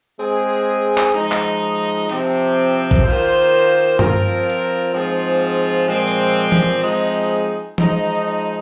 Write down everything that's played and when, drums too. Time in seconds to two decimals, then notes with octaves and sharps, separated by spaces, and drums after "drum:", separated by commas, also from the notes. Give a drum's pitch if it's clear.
0.19 G#3 C4 G#4
0.98 drum: clap
1.14 F3 G#3 D#4
1.32 drum: clap
2.09 C3 F3 C4, drum: open hi-hat
2.91 drum: kick A1
3.04 D#3 A#3 F4 C5
3.99 F3 C4 F4 A#4, drum: tom G2
4.50 drum: hi-hat
4.94 G#2 F3 C4 F4 G#4
5.88 A#2 F3 G#3 C4
6.08 drum: hi-hat
6.52 drum: tom E3
6.83 F3 G#3 C4 D#4 G#4
7.78 F3 G#3 D#4, drum: tom E3